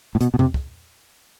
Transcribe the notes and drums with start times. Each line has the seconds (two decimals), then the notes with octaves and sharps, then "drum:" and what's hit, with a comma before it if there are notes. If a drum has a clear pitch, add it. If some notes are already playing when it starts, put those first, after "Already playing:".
0.15 A2
0.21 B2, drum: hi-hat
0.34 B2
0.39 C3, drum: tom E2
0.54 drum: kick